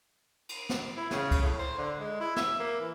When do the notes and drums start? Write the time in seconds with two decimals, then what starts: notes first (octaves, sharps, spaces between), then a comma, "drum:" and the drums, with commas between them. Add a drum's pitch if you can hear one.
0.49 drum: cymbal
0.69 drum: snare
0.97 E4
1.11 C#3, drum: snare
1.31 drum: kick, cymbal
1.42 A2
1.59 C5
1.78 D3
1.98 G#3
2.20 E4
2.36 E5, drum: snare
2.60 A#3
2.80 E3